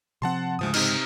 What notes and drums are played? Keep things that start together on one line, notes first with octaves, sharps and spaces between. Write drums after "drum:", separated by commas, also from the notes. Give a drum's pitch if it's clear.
C3 F3 C4 F#5 A5 C6
D2 G#2 C#3 F3 G#3 D#6
C3 D#4 F6, drum: cymbal